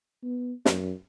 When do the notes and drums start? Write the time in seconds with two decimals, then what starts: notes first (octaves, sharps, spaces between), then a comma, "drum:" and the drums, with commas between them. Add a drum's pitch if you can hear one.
0.23 B3
0.66 F#2, drum: snare